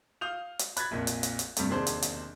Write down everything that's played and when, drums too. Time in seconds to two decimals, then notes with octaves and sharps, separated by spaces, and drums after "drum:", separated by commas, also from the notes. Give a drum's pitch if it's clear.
0.21 F5 D#6 G6 F7
0.59 drum: hi-hat
0.77 B5 F#6 G#6 A6 B6, drum: hi-hat
0.91 A#1 F2 A#2
1.07 drum: hi-hat
1.23 drum: hi-hat
1.39 drum: hi-hat
1.57 G2 C3 G3 A3, drum: hi-hat
1.69 E1 D#2 C3 D4 G#4 C5
1.87 drum: hi-hat
2.02 drum: hi-hat